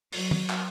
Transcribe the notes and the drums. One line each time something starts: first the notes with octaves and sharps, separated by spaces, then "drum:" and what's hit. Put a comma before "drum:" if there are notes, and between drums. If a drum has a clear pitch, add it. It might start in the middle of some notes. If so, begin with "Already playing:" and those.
F#3, drum: open hi-hat
drum: tom
drum: clap